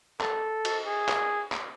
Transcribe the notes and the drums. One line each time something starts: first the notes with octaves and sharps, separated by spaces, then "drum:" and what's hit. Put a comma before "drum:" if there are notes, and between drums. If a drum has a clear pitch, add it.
A4, drum: clap
drum: cymbal
G#4
drum: clap
drum: clap